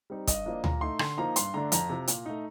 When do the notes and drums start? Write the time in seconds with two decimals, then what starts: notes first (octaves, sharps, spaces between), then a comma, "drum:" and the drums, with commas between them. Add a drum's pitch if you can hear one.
0.10 G3 C4 D#4
0.27 G2 D#5, drum: kick, hi-hat
0.46 F3 A#3 D4
0.64 A#2 A#5, drum: tom D2
0.81 A3 D#4 C6
0.99 D3 C6, drum: rim click
1.18 F3 A#3 D#4 A#5
1.36 G2 C6, drum: hi-hat
1.54 D3 A3 D4 A#5
1.72 F2 A#5, drum: hi-hat
1.89 C3 F3
2.08 A#2, drum: hi-hat
2.26 A3 D#4